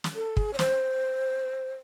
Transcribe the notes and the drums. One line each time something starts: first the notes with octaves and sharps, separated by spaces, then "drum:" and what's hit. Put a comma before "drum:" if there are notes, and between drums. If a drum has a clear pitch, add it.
drum: snare
A4
G#4, drum: kick
C#5
C5, drum: snare